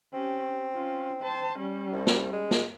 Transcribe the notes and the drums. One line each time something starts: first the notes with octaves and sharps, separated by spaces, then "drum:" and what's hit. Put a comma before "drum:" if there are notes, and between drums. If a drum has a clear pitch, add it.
C4 C#4 G4
C#4 F4
C5 A5
G3 C#4
C2
drum: snare
G#3
drum: snare